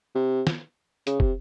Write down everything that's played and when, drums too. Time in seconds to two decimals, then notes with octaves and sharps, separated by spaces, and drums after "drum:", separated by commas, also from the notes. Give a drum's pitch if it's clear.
0.15 C3
0.47 drum: snare
1.07 C#3, drum: hi-hat
1.20 C3, drum: kick